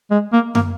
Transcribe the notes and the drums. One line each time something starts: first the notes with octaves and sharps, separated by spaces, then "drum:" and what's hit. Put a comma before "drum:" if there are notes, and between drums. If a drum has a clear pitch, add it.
G#3
A#3
A#3, drum: tom